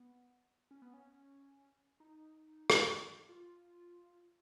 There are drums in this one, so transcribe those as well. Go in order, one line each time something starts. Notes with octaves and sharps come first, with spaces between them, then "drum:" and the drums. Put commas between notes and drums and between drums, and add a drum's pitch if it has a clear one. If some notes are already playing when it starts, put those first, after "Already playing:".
Already playing: B3
C#4
B3
C#4
D#4
drum: rim click
F4